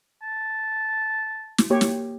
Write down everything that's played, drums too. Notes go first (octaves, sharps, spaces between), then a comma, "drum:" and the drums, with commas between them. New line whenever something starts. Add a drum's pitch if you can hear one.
A5
drum: snare
A#3 G4 C#5
drum: snare